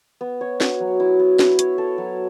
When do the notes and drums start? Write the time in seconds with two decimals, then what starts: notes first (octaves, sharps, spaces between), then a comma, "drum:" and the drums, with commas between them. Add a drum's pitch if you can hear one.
0.21 B3
0.41 C#5
0.61 F#4, drum: snare
0.80 F#3
1.00 E4
1.19 B3
1.39 E4, drum: snare
1.59 C#5, drum: hi-hat
1.78 A4
1.98 F#3